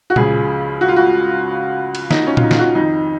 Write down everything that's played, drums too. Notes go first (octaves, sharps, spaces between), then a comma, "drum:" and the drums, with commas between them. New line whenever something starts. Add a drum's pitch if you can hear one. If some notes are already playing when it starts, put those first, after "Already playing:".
F#4
C#2 C#3 F3 G#4, drum: tom A#2
F#4
F4
F#4
drum: cymbal
D#4, drum: snare
C#4
F4, drum: tom A#2
D#4
F4, drum: snare
F#4
F2 D#3 D#4